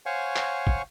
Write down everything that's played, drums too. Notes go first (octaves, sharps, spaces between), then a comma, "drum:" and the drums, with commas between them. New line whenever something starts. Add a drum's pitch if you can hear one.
C5 C#5 F5 F#5 G#5 C#6
drum: clap
drum: kick